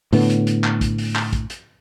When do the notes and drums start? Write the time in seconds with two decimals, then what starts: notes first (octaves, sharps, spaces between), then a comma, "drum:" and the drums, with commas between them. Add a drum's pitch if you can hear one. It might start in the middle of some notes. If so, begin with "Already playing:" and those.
0.13 A2 D3 B3, drum: open hi-hat
0.30 drum: hi-hat
0.47 drum: hi-hat
0.64 drum: clap
0.81 drum: kick, hi-hat
0.98 drum: open hi-hat
1.16 drum: clap
1.33 drum: kick, hi-hat
1.50 drum: hi-hat